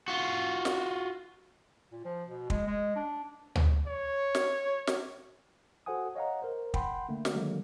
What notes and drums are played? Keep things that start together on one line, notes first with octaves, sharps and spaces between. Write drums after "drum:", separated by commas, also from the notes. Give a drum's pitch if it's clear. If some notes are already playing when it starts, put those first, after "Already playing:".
F4 F#4
drum: snare
A#2
F3
B2
G#3, drum: kick
G#3
D4
drum: tom
C#5
drum: snare
drum: snare
F#4 A4 C5 F#5 G#5 D#6
C#5 D#5 F5 F#5 A#5
A#4 C5
F#5 G5 B5 C6, drum: kick
D3 A3 A#3
drum: snare
D3 D#3 F#3 G#3 A#3